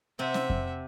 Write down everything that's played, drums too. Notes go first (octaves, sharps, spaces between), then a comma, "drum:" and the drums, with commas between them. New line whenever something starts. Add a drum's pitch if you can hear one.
C3 C4 E5 F#5
drum: snare C#4
drum: kick F2